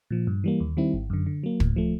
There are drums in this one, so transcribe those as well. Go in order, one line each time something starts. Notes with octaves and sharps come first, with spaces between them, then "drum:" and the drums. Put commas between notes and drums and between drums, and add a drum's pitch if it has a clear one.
A#2 F3
G2
E3 G3 A#3
D#2
D#3 G3 C4 E4
G#1
F#2 D3
D3
F#3 A#3
A2, drum: kick
F3 A3